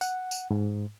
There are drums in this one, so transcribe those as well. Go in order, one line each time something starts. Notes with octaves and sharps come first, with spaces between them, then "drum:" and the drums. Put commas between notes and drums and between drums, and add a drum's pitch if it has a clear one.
F#5, drum: tambourine
drum: tambourine
G#2